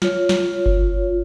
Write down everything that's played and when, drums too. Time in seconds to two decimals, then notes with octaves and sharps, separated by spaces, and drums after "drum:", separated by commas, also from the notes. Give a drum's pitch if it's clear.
0.02 F4 C#5, drum: snare
0.29 drum: snare
0.66 drum: kick G1